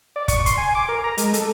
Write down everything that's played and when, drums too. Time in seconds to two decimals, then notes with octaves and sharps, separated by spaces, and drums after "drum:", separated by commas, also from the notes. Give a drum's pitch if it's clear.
0.16 D5
0.28 C#6, drum: kick, hi-hat
0.46 C6, drum: hi-hat
0.58 G#5
0.75 D6
0.89 A#4
1.04 A#5
1.18 G#3, drum: hi-hat
1.34 A4, drum: hi-hat